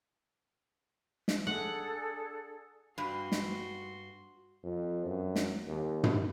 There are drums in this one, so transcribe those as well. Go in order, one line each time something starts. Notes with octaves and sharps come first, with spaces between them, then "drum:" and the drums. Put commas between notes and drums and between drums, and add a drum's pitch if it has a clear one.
drum: snare
D4 G#4 A4 F#5
G2 F#4 C6
drum: snare
F2
F#2
drum: snare
D#2
drum: tom